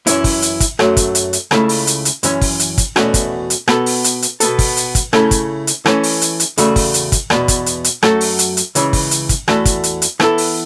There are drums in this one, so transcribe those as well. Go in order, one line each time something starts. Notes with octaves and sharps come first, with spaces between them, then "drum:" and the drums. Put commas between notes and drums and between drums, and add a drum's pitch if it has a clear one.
F#2 E3 C#4 E4, drum: hi-hat
drum: kick, open hi-hat
drum: hi-hat
drum: kick, hi-hat
F#2 F#3 A3, drum: rim click
drum: kick, hi-hat
drum: hi-hat
drum: hi-hat
C#2 C#3 A3 E4, drum: rim click
drum: open hi-hat
drum: hi-hat
drum: hi-hat
F#2 E3 C#4, drum: hi-hat
drum: kick, open hi-hat
drum: hi-hat
drum: kick, hi-hat
E2 B2 A3 C#4 F#4, drum: rim click
drum: kick, hi-hat
drum: hi-hat
B2 B3 A4, drum: rim click
drum: open hi-hat
drum: hi-hat
drum: hi-hat
B2 B3 A4, drum: hi-hat
drum: kick, open hi-hat
drum: hi-hat
drum: kick, hi-hat
C#3 A3 C#4 E4 A4, drum: rim click
drum: kick, hi-hat
drum: hi-hat
E3 A3 C#4, drum: rim click
drum: open hi-hat
drum: hi-hat
drum: hi-hat
E2 C#3 A3 F#4, drum: hi-hat
drum: kick, open hi-hat
drum: hi-hat
drum: kick, hi-hat
E2 B2 B3, drum: rim click
drum: kick, hi-hat
drum: hi-hat
drum: hi-hat
F#2 F#3 A3 F#4 A4, drum: rim click
drum: open hi-hat
drum: hi-hat
drum: hi-hat
C#2 C#3 E3, drum: hi-hat
drum: kick, open hi-hat
drum: hi-hat
drum: kick, hi-hat
E2 E3 A3 F#4 A4, drum: rim click
drum: kick, hi-hat
drum: hi-hat
drum: hi-hat
E3 B3 E4 A4, drum: rim click
drum: open hi-hat